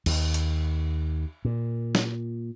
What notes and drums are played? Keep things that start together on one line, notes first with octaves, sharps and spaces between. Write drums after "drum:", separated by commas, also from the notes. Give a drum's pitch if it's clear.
D#2, drum: cymbal
drum: hi-hat
A#2
drum: snare